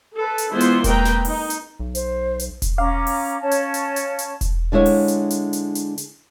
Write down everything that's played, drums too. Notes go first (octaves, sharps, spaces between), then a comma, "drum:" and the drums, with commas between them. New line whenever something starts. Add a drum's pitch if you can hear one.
A4 B4
drum: hi-hat
E3 G#3 B3 E4 F4 C5
drum: hi-hat
G#3 A#3 C4 B4 G5 A#5, drum: kick E1, hi-hat
drum: snare
D#4, drum: open hi-hat
drum: hi-hat
B1
C5, drum: hi-hat
drum: hi-hat
drum: kick E1, hi-hat
C#4 F5 A#5 D6
drum: open hi-hat
C#4 C#5 A5
drum: hi-hat
drum: hi-hat
drum: hi-hat
drum: hi-hat
drum: kick E1, hi-hat
D3 G#3 E4 C#5 F5
drum: open hi-hat
drum: hi-hat
drum: hi-hat
drum: hi-hat
drum: hi-hat
drum: hi-hat